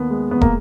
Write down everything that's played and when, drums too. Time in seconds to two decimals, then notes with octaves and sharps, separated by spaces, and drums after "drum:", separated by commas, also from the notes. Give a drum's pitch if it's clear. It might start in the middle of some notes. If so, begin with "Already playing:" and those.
Already playing: D#2 B3
0.10 G#3
0.31 E2 B3
0.41 A#3, drum: kick